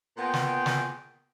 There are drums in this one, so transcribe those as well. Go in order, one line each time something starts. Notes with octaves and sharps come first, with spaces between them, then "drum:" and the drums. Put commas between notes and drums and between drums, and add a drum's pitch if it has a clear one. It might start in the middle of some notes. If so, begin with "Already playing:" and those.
A#2 B3 G#4 G5
drum: snare
drum: snare